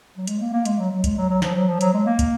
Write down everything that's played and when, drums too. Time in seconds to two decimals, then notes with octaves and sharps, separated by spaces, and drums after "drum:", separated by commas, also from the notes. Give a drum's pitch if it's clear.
0.17 F#3
0.27 G#3, drum: hi-hat
0.40 A#3
0.53 A#3
0.65 G#3, drum: hi-hat
0.79 F#3
0.91 F#3
1.04 G#3, drum: kick, hi-hat
1.17 F#3
1.29 F#3
1.42 F3, drum: snare
1.55 F#3
1.68 F3
1.81 F#3, drum: hi-hat
1.93 G#3
2.06 A#3
2.19 drum: kick, hi-hat